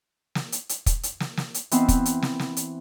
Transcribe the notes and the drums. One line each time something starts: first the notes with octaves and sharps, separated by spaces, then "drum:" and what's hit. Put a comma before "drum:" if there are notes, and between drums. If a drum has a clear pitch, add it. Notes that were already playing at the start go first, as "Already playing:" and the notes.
drum: snare
drum: hi-hat
drum: hi-hat
drum: kick, hi-hat
drum: hi-hat
drum: snare
drum: snare
drum: hi-hat
E3 B3 C4, drum: hi-hat
drum: kick, hi-hat
drum: hi-hat
drum: snare
drum: snare
drum: hi-hat